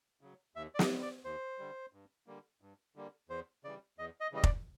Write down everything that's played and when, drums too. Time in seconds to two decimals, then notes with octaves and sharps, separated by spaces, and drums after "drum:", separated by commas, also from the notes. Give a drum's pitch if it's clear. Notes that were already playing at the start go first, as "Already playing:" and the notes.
0.21 C#3 F#3
0.55 D#2 E5
0.75 D5
0.79 D#5, drum: snare
0.90 D3 G3
1.02 D5
1.24 D#2 C5
1.59 D3 G3
1.93 G2
2.27 D3 G3 A#3
2.61 G2
2.96 D3 G3 A#3
3.29 E2 C5
3.64 C#3 E3 G3 D5
3.98 E2 D#5
4.20 D#5
4.32 C#3 E3 G3 D#5
4.44 D5, drum: kick F1